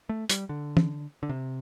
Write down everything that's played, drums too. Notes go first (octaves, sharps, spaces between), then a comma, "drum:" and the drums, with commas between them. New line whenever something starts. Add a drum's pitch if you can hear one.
A3
G3, drum: hi-hat
D3
drum: tom
D3
C3